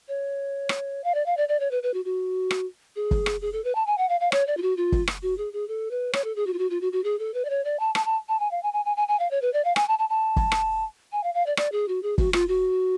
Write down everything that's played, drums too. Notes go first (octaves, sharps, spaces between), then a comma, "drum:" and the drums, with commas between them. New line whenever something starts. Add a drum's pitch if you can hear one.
C#5
drum: rim click
F5
D5
F5
D5
D5
C#5
B4
B4
F#4
F#4
drum: rim click
G#4
drum: kick F#1
drum: rim click
G#4
A4
B4
A5
G#5
F#5
F5
F5
C#5, drum: rim click
D5
F4
F#4
F4
drum: kick F#1
drum: rim click
F#4
G#4
G#4
A4
B4
C#5, drum: rim click
A4
G#4
F#4
F4
F#4
F4
F#4
F#4
G#4
A4
B4
D5
C#5
D5
A5
A5, drum: rim click
A5
A5
G#5
F5
G#5
G#5
G#5
G#5
G#5
F5
C#5
B4
D5
F5
G#5, drum: rim click
A5
A5
A5
drum: kick F#1
drum: rim click
G#5
F5
F5
D5
D5, drum: rim click
G#4
F#4
G#4
F#4, drum: kick F#1
F4, drum: rim click
F#4